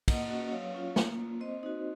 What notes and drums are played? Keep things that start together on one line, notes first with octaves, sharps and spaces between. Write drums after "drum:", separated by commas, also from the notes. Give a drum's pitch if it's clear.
A#3 D#5 F#5, drum: kick, cymbal
C#4 F#4
F#3 C#5 F5
C#4 F4
A#3, drum: snare
F4
C4 C5 D#5
D#4 F#4